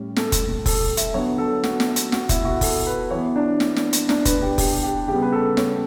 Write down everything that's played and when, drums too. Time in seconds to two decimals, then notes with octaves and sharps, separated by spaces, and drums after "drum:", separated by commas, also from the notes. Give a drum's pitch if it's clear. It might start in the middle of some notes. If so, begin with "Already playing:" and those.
Already playing: A2 G3 C#4
0.16 A4, drum: snare
0.32 drum: kick F1, hi-hat
0.66 A4, drum: kick F1, open hi-hat
0.97 E5, drum: hi-hat
1.14 D3 F#3 B3 C#5
1.38 A4
1.64 F#4, drum: snare
1.80 drum: snare
1.96 drum: hi-hat
2.12 F#4, drum: snare
2.29 E4, drum: kick F1, hi-hat
2.45 F#4
2.61 A4, drum: kick F1, open hi-hat
2.87 B4
3.11 E3 B3 C#5
3.36 D4
3.60 drum: snare
3.76 drum: snare
3.93 drum: hi-hat
4.09 D4, drum: snare
4.25 B4, drum: kick F1, hi-hat
4.42 G4
4.58 G4, drum: kick F1, open hi-hat
4.83 G4
5.08 C#3 G3 B3 G4
5.22 B4
5.32 A4
5.57 C#5, drum: snare